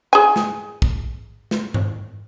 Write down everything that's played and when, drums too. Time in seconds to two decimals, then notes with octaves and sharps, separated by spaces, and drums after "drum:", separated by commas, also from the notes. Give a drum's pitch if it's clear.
0.13 G#4 G#5
0.36 drum: snare
0.82 drum: kick
1.51 drum: snare
1.74 drum: tom G2